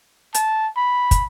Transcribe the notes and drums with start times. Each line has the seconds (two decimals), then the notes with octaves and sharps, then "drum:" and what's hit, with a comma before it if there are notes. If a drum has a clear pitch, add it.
0.34 A5, drum: hi-hat
0.77 B5
1.11 drum: kick, hi-hat